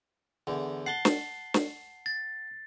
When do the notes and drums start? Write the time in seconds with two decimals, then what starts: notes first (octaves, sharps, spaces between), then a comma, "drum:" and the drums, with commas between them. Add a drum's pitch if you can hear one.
0.47 E2 D3
0.86 F#5 A5 C7 G7
1.05 drum: snare
1.54 drum: snare
2.06 A6